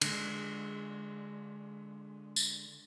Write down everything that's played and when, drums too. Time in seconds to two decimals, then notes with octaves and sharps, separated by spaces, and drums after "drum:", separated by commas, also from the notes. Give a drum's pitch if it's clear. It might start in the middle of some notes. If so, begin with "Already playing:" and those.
0.01 D3 G#3, drum: cymbal
2.36 drum: tambourine